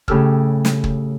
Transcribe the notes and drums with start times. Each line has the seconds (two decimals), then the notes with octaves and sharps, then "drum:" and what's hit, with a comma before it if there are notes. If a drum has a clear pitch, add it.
0.08 A2 C#3 G4 A4 E6 F6, drum: kick
0.65 drum: snare
0.84 drum: kick